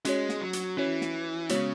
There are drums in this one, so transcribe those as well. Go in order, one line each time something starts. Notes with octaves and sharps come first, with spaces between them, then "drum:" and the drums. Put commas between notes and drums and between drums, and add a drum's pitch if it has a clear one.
G#3 C#4 F#4 C#5, drum: hi-hat
drum: snare
F#3
drum: hi-hat
E3 C#4 F#4 C#5
drum: snare
C#3 G#3 B3 F#4 C#5, drum: hi-hat